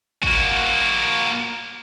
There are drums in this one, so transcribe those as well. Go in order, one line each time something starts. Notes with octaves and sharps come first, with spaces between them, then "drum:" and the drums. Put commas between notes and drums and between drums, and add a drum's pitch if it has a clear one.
A#3 F#4, drum: kick